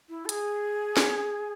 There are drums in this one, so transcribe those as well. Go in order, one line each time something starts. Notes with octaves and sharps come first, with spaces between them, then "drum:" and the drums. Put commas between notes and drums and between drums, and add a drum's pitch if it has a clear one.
E4
A4
G#4, drum: hi-hat
drum: snare